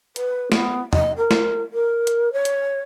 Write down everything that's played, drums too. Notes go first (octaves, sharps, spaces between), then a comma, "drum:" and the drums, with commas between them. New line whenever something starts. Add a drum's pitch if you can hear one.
B4, drum: hi-hat
B3, drum: snare
D#5, drum: tom
A#4
drum: snare
A#4
drum: hi-hat
C#5
drum: hi-hat